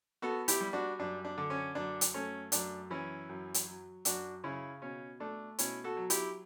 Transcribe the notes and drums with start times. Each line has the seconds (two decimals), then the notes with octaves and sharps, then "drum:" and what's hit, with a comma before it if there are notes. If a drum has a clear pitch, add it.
0.22 B3 F#4 A4
0.48 E4 G4, drum: hi-hat
0.60 G3
0.73 D4 F#4
0.99 F#2 D4
1.25 D4
1.38 D3
1.50 C#4
1.75 F#2 D4
2.01 drum: hi-hat
2.14 A3 C#4
2.52 F#2 D4, drum: hi-hat
2.90 E3 C#4 E4
3.29 F#2
3.54 drum: hi-hat
3.67 F#3
4.05 F#2 D4 F#4, drum: hi-hat
4.44 C#3 C#4 E4
4.82 B2 C#4
5.20 A3 D4
5.59 B2 C#4 E4, drum: hi-hat
5.84 F#4 A4
5.97 F#3
6.10 E4 G4, drum: hi-hat